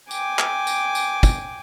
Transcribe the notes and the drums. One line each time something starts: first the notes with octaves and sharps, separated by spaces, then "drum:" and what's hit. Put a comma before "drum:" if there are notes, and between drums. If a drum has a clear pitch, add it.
G5 G#5 D6, drum: tambourine
drum: clap
drum: tambourine
drum: tambourine
drum: kick, tambourine